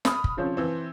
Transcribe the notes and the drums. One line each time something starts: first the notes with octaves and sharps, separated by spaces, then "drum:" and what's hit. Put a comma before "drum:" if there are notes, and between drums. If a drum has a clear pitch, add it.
B5 D#6 F6, drum: snare
drum: kick
C#3 F3 C4 C#4
E3 C4